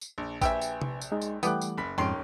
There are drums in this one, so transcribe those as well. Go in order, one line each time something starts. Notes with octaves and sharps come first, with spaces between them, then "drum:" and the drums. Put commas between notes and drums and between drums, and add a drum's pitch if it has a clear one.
drum: tambourine
A#1
A#1 G4 B4 E5 G5 G#5 E6, drum: kick A1, tambourine
drum: tambourine
drum: tom C3
drum: tambourine
G#3 D#4
drum: tambourine
E3 G3 A3 B3 G5 D6 F#6, drum: tambourine
drum: tambourine
F#1 B5 B6
D#1 F2 G#2 D#3 C#4 C6 D7